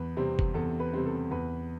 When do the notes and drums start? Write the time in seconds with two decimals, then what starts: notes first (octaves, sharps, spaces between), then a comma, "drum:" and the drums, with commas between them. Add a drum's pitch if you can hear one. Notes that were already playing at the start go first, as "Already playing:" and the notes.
Already playing: E2 B4
0.17 C3 G3 C4
0.39 drum: kick F#1
0.54 E2 A4
0.80 B4
0.93 C3 G3 C4
1.06 A4
1.31 E2 B4